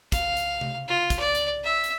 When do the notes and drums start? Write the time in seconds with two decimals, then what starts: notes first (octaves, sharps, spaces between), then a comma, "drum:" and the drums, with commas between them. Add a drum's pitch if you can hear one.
0.12 F5, drum: kick, hi-hat
0.37 drum: hi-hat
0.61 drum: tom C3
0.88 F4
1.10 drum: kick, hi-hat
1.19 D5
1.35 drum: hi-hat
1.64 E5
1.84 drum: hi-hat